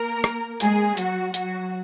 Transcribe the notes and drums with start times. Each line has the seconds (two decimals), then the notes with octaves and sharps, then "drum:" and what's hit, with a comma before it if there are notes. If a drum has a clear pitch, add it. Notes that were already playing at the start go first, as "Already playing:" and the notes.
Already playing: A#3 A#4
0.24 drum: rim click
0.60 G#3 G#4, drum: hi-hat
0.97 F#3 F#4, drum: hi-hat
1.34 F#3 F#4, drum: hi-hat